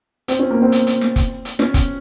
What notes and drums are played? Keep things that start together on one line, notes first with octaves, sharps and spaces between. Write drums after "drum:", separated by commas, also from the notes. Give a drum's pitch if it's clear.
C4, drum: hi-hat
C#4
A#3
C4
drum: hi-hat
drum: hi-hat
drum: snare
drum: kick F1, hi-hat
drum: hi-hat
C#4, drum: snare
drum: kick F1, hi-hat